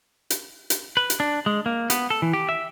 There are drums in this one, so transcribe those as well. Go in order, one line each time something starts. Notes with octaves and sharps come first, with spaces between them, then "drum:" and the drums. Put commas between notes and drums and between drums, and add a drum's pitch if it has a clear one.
drum: hi-hat
drum: hi-hat
B4
drum: hi-hat
D4
G#3
A#3
B3, drum: hi-hat
A4
E3
G4
E5